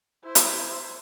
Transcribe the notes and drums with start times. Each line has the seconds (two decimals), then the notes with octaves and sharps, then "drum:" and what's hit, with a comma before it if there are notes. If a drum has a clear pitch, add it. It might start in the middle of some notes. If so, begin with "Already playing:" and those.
0.24 E4 C5
0.35 drum: hi-hat